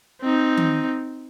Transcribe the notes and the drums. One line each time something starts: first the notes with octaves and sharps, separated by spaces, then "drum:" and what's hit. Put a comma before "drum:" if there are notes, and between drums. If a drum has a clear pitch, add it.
C4 D#4
drum: tom D#3